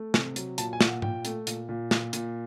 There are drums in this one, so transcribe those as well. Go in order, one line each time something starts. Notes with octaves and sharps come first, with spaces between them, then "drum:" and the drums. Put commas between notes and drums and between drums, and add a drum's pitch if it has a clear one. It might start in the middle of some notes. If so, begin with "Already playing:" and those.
Already playing: A3
C3, drum: snare
F#3, drum: hi-hat
A#2 A5, drum: hi-hat
G#5
A#2, drum: snare
F#5
A#2 G5, drum: tom G#2
A3, drum: hi-hat
A#2, drum: hi-hat
A#2
A#2, drum: snare
A#2, drum: hi-hat